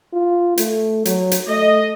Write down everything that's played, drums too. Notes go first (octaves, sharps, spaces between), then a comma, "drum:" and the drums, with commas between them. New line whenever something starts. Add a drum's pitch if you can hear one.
F4
A3, drum: hi-hat
F#3, drum: hi-hat
drum: hi-hat
A3 D#5